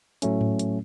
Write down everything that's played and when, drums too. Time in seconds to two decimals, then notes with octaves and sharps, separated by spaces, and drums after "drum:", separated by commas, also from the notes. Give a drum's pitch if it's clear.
0.22 A2 F#3 A3 C#4, drum: hi-hat
0.41 drum: tom G#2
0.59 drum: hi-hat